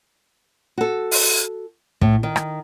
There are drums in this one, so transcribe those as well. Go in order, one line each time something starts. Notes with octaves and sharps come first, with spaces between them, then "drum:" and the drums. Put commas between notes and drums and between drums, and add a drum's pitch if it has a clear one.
F#4 A4
drum: open hi-hat
A2, drum: kick
D#3
drum: rim click